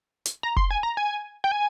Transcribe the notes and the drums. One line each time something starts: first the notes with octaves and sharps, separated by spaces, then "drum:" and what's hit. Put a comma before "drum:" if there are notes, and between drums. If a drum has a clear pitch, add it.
drum: hi-hat
A#5
C6, drum: kick F1
G#5
A#5
G#5
G5
G#5